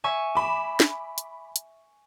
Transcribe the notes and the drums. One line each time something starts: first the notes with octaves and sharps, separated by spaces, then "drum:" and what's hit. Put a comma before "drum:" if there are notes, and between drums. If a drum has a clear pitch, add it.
E5 G#5 C#6
B5 D6 E7
drum: snare
drum: hi-hat
drum: hi-hat